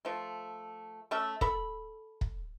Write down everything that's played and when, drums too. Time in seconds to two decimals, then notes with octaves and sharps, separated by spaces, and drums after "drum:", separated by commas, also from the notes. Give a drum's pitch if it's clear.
0.05 F3 A3
1.11 A3 C#4 E5 A5
1.41 A4 E5 B5, drum: kick
2.21 drum: kick